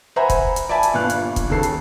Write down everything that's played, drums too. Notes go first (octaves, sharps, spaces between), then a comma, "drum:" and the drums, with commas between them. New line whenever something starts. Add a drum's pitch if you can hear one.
C5 E5 F#5 G#5 A#5 B5
drum: kick, hi-hat
drum: hi-hat
D5 E5 G#5 A5 B5
drum: hi-hat
G1 A#2 F5 F#6
drum: hi-hat
drum: kick, hi-hat
D#2 C#3 A4 C7
drum: hi-hat